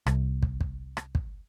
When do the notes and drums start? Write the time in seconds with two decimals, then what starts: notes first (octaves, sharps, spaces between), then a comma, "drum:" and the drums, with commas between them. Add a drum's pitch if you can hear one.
0.06 C2, drum: rim click
0.43 drum: kick
0.61 drum: kick
0.97 drum: rim click
1.15 drum: kick